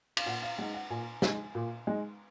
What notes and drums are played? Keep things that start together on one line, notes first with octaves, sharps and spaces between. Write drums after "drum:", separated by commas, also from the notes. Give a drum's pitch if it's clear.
F5, drum: cymbal
A#2 F#5
F5
G#3 D#4 F#5
F#5
A#2 G#5
G#3 D#4, drum: snare
A#2
G#3 D#4